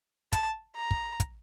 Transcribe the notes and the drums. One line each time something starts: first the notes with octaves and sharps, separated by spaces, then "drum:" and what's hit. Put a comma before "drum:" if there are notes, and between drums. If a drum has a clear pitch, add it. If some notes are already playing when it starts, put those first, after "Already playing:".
A5, drum: kick, hi-hat
A#5
drum: kick
drum: kick, hi-hat